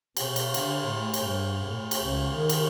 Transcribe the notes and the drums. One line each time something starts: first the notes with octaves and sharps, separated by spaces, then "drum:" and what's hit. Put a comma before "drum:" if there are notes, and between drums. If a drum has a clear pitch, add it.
B2, drum: cymbal
drum: cymbal
D3, drum: cymbal
A2
drum: cymbal
G2
A2
drum: cymbal
C#2
D#3
drum: cymbal